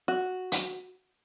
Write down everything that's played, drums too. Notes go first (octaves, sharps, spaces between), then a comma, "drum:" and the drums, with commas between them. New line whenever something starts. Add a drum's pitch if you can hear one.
F#4
drum: hi-hat